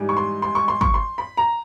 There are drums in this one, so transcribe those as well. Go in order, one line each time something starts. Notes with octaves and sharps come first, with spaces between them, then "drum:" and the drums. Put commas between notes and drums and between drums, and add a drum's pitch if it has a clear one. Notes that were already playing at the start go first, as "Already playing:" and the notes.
Already playing: G#2 E3 G3
C#6
C6
C6
C#6
C6
C#6, drum: kick
C6
B5
A#5